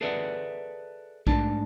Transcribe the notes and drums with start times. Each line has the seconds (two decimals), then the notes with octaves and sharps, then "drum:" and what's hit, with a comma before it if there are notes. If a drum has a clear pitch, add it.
0.01 G#4 A4 B4 D5 E5 F#5
1.27 G#2 A3 D4 A5, drum: kick A#1